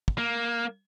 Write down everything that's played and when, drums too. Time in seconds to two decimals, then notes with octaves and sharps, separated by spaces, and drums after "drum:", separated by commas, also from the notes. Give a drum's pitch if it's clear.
0.08 drum: kick
0.18 A#3